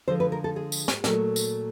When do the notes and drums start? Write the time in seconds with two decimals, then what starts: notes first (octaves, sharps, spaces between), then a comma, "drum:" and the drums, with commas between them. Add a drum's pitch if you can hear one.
0.08 D3 F3 G#3 C5
0.20 B4
0.32 A#4
0.44 A4
0.56 G#4
0.72 drum: tambourine
0.88 drum: snare
1.04 A#2 F#3 A3, drum: snare
1.36 drum: tambourine